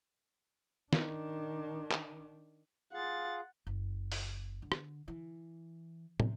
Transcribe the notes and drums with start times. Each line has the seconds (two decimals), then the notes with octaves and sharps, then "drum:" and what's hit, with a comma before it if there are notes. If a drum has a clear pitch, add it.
0.93 D#3 D4, drum: snare
1.91 drum: clap
2.93 F4 G#4 F5 F#5 A6
3.67 F#1
4.12 drum: open hi-hat
4.62 D3
4.72 drum: rim click
5.08 E3
6.20 C3, drum: tom